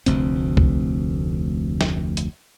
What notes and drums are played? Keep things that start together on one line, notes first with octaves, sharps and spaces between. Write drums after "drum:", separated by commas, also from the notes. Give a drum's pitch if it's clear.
F1 D2 C4, drum: hi-hat
drum: kick
drum: snare
drum: hi-hat